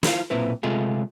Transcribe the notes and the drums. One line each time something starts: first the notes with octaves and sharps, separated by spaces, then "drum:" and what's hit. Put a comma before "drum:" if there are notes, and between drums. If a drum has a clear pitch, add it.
E4 F4 G#4 C5 F5, drum: snare
B1 A#2 C4 E4 B4
C3 G#3 A3 F4 G#4